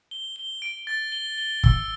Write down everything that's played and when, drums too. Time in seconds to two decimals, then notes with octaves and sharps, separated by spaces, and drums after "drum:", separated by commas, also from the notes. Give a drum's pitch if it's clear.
0.11 G7
0.36 G7
0.62 D7
0.87 A6
1.12 G7
1.38 G7
1.64 E6, drum: kick